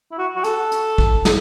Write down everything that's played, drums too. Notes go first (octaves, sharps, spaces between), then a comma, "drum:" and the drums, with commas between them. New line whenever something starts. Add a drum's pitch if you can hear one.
E4
F#4
F#4
A4, drum: hi-hat
drum: hi-hat
drum: kick
drum: snare